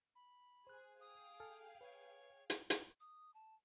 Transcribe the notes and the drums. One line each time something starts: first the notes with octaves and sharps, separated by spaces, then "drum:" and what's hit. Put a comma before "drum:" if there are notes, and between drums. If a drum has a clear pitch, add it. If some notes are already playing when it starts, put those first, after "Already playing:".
B5
G#4 C5 F#6
G#4 F5 G5 D#6
A4 G#5 F6
B4 C#5
drum: hi-hat
drum: hi-hat
D#6
A5